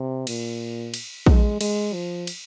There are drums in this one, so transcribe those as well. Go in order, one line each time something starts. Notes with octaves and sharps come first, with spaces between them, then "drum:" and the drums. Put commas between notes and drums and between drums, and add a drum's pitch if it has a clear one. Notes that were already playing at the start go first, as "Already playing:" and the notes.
Already playing: C3
A#2, drum: cymbal
drum: cymbal
G#3, drum: kick
G#3, drum: cymbal
F3
drum: cymbal